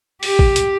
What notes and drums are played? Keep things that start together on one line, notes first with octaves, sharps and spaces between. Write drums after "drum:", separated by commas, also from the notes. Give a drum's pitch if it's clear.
G4, drum: open hi-hat
drum: kick
drum: hi-hat